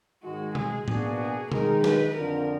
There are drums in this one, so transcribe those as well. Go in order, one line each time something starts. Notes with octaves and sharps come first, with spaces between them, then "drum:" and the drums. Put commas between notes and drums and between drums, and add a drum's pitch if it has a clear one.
G#2 D#3 G#3 F#4
G#4, drum: tom B2
B2 A#3 D4 F#4 G#4, drum: tom A2
G#4
D#3 G#3 D#4 A#4, drum: tom B2
B4, drum: snare
F2 D3 F3 A#4